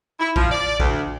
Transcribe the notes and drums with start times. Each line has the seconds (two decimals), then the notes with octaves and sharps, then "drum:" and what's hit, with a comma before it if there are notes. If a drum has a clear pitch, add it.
0.20 E4
0.36 F3, drum: kick A#1
0.50 D5
0.80 D2, drum: kick A#1